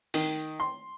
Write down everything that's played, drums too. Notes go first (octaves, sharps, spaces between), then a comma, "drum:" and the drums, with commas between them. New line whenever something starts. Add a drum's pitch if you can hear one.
D#3, drum: open hi-hat
C6